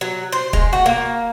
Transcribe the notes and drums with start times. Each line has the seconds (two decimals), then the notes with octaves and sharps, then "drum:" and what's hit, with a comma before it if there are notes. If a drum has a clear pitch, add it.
0.01 F#3
0.32 C5
0.53 G#3, drum: kick
0.73 F#4
0.86 A#3